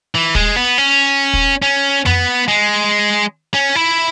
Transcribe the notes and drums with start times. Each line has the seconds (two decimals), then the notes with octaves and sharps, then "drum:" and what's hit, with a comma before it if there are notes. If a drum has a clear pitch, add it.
0.15 E3
0.35 G#3, drum: kick
0.56 B3
0.78 C#4
1.33 drum: kick
1.62 C#4
2.06 B3, drum: tom F2
2.48 G#3
3.54 C#4
3.75 E4